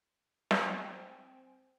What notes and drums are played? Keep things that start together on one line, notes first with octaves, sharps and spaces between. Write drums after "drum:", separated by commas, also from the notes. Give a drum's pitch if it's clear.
C4 G5 G#5, drum: snare